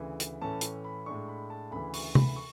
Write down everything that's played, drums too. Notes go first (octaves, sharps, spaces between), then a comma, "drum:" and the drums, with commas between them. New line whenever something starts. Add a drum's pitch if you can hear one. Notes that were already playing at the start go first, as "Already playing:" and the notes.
Already playing: D2 C#3 E3
drum: hi-hat
A2 E3 A3 C#4 A5
drum: hi-hat
B5
A2 G#3 D4 C#6
B5
A5
D2 C#3 E3 B5
C#6, drum: open hi-hat
B5, drum: tom C3
C#6